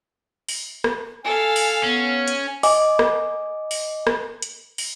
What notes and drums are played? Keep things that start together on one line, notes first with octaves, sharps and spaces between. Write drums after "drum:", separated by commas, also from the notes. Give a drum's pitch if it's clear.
drum: open hi-hat
drum: rim click
A4 F5 G#5
drum: open hi-hat
B3 C#4
drum: hi-hat
D#5 G#5 D6, drum: open hi-hat
drum: rim click
drum: open hi-hat
drum: rim click
drum: hi-hat
drum: open hi-hat